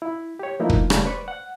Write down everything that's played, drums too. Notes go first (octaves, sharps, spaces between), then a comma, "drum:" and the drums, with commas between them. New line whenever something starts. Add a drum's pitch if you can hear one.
E4
G4 C#5
F3 A3 A#3 D#4 E4
drum: kick
C#3 G3 A3 C#4, drum: rim click
B4 C5 D5 C#6
F#5